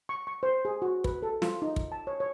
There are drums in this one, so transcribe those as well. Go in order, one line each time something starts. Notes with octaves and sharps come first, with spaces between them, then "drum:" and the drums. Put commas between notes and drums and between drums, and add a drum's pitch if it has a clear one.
C#6
C#6
C5
G#4
F#4
B4, drum: kick
A4
F4, drum: snare
D#4
drum: kick
A5
C#5
C#5